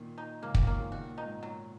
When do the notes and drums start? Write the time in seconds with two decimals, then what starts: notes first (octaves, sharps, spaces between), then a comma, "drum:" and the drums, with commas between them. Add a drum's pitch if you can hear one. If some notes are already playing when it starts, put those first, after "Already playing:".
Already playing: A#2 D#3
0.18 D#4
0.42 G#2 C#3 A#3
0.55 drum: kick
0.67 A#2 D#3 A#3
0.80 C#3
0.92 A#2 D#3 F#4
1.09 A#2
1.18 D#4
1.26 G#2
1.41 A#2 F#3